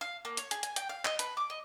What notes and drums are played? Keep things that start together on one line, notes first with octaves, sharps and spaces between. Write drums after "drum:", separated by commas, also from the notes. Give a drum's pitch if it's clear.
F5
A#3
C#5, drum: hi-hat
G#4, drum: hi-hat
G#5, drum: hi-hat
G5, drum: hi-hat
F5
D#5, drum: clap
B4, drum: hi-hat
D6
D#5